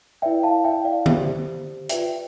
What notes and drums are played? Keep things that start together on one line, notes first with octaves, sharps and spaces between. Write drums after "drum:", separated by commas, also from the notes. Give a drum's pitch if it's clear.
E4 B4 D5 E5 G5
F5 A5
E5 G5
D5 F5
G4 C5 E5, drum: tom D3
F4 B4 D5 E5 G5, drum: hi-hat